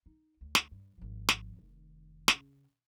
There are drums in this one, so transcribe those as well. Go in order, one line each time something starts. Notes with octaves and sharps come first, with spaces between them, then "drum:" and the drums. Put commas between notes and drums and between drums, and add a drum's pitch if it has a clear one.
D#4
D2
drum: snare
G2
G#1 F3
drum: snare
F1 D#3
C#3 C#4, drum: snare